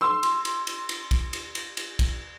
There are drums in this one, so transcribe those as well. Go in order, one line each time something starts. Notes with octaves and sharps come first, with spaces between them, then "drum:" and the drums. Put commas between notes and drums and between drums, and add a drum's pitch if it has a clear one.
C6 E6
drum: cymbal
drum: cymbal
drum: cymbal
drum: cymbal
drum: kick, cymbal
drum: cymbal
drum: cymbal
drum: cymbal
drum: kick, cymbal